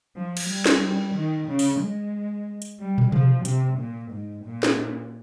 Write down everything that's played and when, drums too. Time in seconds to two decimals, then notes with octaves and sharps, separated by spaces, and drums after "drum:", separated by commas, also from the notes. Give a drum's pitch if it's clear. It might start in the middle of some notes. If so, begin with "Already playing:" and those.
0.16 F3
0.37 drum: cymbal
0.49 G3
0.66 drum: snare
0.82 G3
1.15 D#3
1.48 C#3
1.59 drum: open hi-hat
1.80 G#3
2.62 drum: hi-hat
2.80 G3
2.98 drum: tom
3.12 F3, drum: tom B2
3.45 C3, drum: hi-hat
3.78 A#2
4.11 G#2
4.45 A#2
4.63 drum: snare